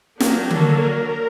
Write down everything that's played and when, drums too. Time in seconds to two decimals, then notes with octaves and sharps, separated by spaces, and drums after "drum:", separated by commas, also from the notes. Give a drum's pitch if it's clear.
0.20 F#3 A#3 D4 G4, drum: snare
0.51 A4, drum: tom D3
0.79 A#4